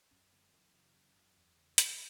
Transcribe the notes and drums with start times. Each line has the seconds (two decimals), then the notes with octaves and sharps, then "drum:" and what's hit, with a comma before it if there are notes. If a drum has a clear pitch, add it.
0.11 F#2 C#4
0.32 D3 B3
0.38 A3
0.42 G#3
0.54 F#2 E3
0.74 C#3
0.95 F#2
1.16 F#2
1.37 E2
1.57 C#3
1.78 C#3, drum: hi-hat